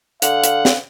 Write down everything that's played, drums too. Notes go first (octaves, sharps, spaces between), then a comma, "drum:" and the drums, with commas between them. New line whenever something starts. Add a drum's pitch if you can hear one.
D3 F5 F#5, drum: hi-hat
drum: hi-hat
drum: snare